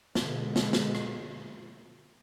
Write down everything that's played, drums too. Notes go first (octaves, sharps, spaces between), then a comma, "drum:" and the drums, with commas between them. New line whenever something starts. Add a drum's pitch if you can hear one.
B2 D3 G#3, drum: snare
drum: snare
drum: snare
drum: rim click